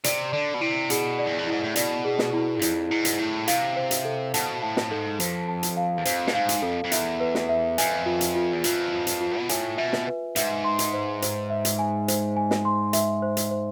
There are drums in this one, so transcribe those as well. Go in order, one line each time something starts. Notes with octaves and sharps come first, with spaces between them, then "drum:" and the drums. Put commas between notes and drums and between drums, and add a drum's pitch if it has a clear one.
C3 D5, drum: hi-hat
D3 D5
B2
C3 E4
B2 G#4, drum: hi-hat
D5
E2
F2
G#2 E4
A2
B2 D5, drum: hi-hat
G#4
drum: snare
E4
F2 E4, drum: hi-hat
G#2 E4
drum: hi-hat
A2 E4
C3 F5, drum: hi-hat
C5
drum: hi-hat
A4
B2 A5, drum: hi-hat
A2 A5
drum: snare
G#2 A4
F2 C5, drum: hi-hat
A5
drum: hi-hat
F5
E2
F2 C5, drum: hi-hat
A2, drum: snare
G#2 F5
drum: hi-hat
F2 A4
F2
E2 E5, drum: hi-hat
B4
drum: snare
E5
F2 G#5, drum: hi-hat
F4
drum: hi-hat
F4
E2
F2 F4, drum: hi-hat
F4
drum: hi-hat
F4
B2
A2 G#5, drum: hi-hat
B2 E5
drum: snare
B4
G#2 E5, drum: hi-hat
C6
drum: hi-hat
C5
C5, drum: hi-hat
E5
drum: hi-hat
G#5
C5, drum: hi-hat
G#5
drum: snare
C6
E5, drum: hi-hat
C5
drum: hi-hat
C5